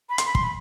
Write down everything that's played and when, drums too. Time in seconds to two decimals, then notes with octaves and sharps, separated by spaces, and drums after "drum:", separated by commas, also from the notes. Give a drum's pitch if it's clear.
0.09 B5
0.18 C6, drum: hi-hat
0.26 B5
0.35 C6, drum: kick
0.44 B5